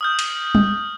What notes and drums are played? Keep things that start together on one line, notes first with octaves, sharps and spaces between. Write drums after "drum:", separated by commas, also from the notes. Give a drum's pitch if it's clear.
D#6 F6 G6
drum: cymbal
drum: tom